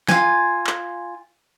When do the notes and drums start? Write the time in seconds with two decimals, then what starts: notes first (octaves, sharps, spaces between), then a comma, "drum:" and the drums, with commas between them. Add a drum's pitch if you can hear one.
0.09 F4 G#5, drum: snare
0.67 drum: clap